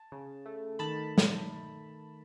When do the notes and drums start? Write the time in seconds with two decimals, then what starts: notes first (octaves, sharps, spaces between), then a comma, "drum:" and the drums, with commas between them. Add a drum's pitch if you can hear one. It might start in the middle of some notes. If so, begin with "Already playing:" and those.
Already playing: A5
0.12 C#3
0.46 A3
0.79 D#3 A5 B5
1.18 drum: snare